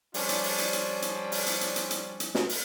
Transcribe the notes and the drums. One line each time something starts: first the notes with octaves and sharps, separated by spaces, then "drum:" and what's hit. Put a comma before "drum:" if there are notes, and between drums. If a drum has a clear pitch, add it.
F3 G3 C#4 D4 F4, drum: open hi-hat
drum: hi-hat
drum: open hi-hat
drum: hi-hat
drum: hi-hat
drum: hi-hat
drum: open hi-hat
drum: hi-hat
drum: hi-hat
drum: hi-hat
drum: hi-hat
drum: hi-hat
drum: snare
drum: open hi-hat